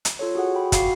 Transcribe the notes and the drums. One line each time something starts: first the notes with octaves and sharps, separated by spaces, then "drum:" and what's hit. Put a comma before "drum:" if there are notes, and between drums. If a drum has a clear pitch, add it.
drum: hi-hat
F4 A4 C#5
F#4 G#4 F#5
G5 B5
F#4 F5 F#5 D6 C7, drum: kick, hi-hat